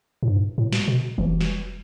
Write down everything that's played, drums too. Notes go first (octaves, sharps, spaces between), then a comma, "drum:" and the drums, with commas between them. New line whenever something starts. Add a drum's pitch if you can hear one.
A2
G2
A2
drum: snare
B2
E3, drum: kick F1
drum: snare